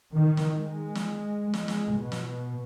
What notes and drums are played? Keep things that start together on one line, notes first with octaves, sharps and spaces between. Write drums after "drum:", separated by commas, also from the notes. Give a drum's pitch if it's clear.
D#3
drum: snare
G#3
drum: snare
G#3, drum: snare
drum: snare
B2
drum: snare